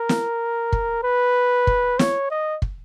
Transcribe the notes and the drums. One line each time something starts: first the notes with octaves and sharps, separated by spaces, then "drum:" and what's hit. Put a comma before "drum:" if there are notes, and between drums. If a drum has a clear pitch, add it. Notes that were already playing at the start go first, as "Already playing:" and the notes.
Already playing: A#4
drum: snare
drum: kick
B4
drum: kick
C#5, drum: snare
D#5
drum: kick